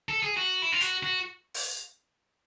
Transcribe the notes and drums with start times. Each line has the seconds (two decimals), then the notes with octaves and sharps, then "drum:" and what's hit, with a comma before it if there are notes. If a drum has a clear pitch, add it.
0.09 A4
0.23 G#4
0.37 F#4
0.62 E4
0.72 F4
0.81 F#4, drum: hi-hat
1.03 F#4
1.54 drum: open hi-hat